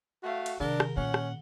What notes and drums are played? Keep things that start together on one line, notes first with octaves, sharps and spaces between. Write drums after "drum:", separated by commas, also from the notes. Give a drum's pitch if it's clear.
A3 F#4 F5
drum: cymbal
C3 D#3 D4 A#4 G7
drum: rim click
A#2 C#4 F#5
drum: rim click